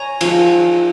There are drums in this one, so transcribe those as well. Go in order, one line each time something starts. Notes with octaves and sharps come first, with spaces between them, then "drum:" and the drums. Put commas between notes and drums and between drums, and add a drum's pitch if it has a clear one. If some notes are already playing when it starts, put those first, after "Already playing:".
Already playing: C#5 G#5 A#5
F3 G#3 D#4, drum: cymbal